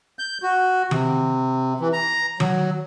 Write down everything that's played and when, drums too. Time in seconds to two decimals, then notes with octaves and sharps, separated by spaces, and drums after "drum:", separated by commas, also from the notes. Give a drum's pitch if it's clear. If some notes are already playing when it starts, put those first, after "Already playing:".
0.19 G6
0.43 F#4
0.91 C3, drum: tom D#3
1.80 E3
1.93 A#5
2.40 F#3, drum: tom D#3